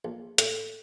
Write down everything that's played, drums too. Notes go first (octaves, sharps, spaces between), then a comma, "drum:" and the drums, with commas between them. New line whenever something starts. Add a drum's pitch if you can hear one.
A#1
A2, drum: hi-hat